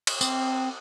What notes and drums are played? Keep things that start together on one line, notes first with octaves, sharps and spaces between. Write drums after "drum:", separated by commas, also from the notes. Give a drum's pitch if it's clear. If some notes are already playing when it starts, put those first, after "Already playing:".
drum: cymbal
C4, drum: tambourine